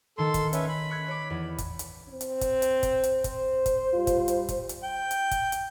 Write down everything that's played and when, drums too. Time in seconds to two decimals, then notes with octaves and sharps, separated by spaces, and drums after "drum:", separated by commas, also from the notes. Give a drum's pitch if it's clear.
0.18 D#3 A#3 A4 C6
0.34 drum: kick, hi-hat
0.53 C#4 B4 C#5 E5, drum: hi-hat
0.68 B5
0.90 C#6 F#6 G#6
1.08 C#5 D6
1.30 E2
1.58 drum: kick, hi-hat
1.79 drum: hi-hat
2.09 C4
2.21 drum: hi-hat
2.41 drum: kick, hi-hat
2.62 drum: hi-hat
2.83 drum: kick, hi-hat
3.03 drum: hi-hat
3.24 C5, drum: kick, hi-hat
3.66 drum: kick, hi-hat
3.94 G3 F4
4.07 drum: kick, hi-hat
4.28 drum: hi-hat
4.49 drum: kick, hi-hat
4.69 drum: hi-hat
4.83 G5
5.11 drum: hi-hat
5.31 drum: kick, hi-hat
5.52 drum: hi-hat